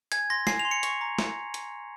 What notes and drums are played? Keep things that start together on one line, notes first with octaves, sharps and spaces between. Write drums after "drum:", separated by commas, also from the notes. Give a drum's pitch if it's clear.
G#5 G#6, drum: hi-hat
C6 A#6
G#5 C7, drum: snare
F7
C6
C#7
C#6, drum: hi-hat
A#5
drum: snare
drum: hi-hat